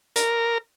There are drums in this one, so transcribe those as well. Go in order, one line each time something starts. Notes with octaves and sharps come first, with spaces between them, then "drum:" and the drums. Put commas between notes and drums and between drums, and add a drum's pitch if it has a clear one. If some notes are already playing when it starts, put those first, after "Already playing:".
A#4, drum: hi-hat